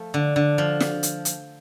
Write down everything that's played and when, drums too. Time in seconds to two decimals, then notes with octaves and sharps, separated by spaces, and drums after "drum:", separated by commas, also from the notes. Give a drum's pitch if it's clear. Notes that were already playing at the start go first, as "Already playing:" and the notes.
Already playing: F3 A3
0.14 D3
0.36 D3
0.58 F3
0.80 drum: snare
1.03 drum: hi-hat
1.25 drum: hi-hat